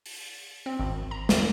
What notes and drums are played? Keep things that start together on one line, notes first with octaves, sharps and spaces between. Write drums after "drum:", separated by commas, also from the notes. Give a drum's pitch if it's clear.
drum: open hi-hat
C4
G#1
A#5
D#2, drum: snare